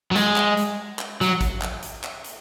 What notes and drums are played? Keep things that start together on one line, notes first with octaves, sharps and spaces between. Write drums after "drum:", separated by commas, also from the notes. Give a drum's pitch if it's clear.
F#3
G#3, drum: hi-hat
drum: clap
drum: hi-hat
drum: clap
F#3, drum: hi-hat
drum: kick, hi-hat
drum: clap
drum: hi-hat
drum: clap
drum: hi-hat